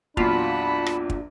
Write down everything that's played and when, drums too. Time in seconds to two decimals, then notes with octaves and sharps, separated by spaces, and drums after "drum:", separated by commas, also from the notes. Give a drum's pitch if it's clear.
0.17 A#1 E2 F#3 D4 F4 F#5 A5 B5, drum: kick
0.86 drum: rim click
1.10 drum: kick